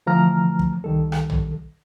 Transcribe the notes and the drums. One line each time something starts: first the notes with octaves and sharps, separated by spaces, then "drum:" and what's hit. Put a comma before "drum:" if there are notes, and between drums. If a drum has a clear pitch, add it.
D3 E3 F3 A3 A#5 F6
drum: kick
C2 D#3 G3 A4
drum: rim click
drum: tom A#1